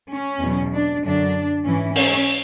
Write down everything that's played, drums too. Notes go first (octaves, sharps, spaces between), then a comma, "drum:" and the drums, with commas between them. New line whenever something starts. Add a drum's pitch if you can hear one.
C#4
E2 B2 F#3
D4
F#2 D3 F#3 D4
G#2 E3 C#4
C#4, drum: open hi-hat